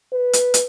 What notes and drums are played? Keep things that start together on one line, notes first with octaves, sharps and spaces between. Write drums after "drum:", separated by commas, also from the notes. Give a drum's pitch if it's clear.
B4
drum: hi-hat
drum: hi-hat